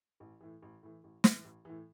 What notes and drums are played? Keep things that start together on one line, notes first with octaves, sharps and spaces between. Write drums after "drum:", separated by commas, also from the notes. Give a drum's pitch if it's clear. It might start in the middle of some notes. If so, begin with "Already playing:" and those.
A1
A2 E3
A1
A2 E3
A1
A2 E3, drum: snare
A1
A2 E3